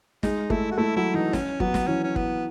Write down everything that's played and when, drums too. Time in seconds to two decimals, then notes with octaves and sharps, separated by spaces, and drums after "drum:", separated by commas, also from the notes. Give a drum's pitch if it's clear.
0.23 G#3 D#4, drum: snare
0.50 A3 E4, drum: kick
0.71 F#4
0.78 A3 E4
0.96 F#3 E4
1.14 E3 D#4
1.33 C#4, drum: snare
1.60 F#3 B3, drum: kick
1.74 drum: snare
1.87 E3 C#4
2.04 C#4
2.16 B3, drum: kick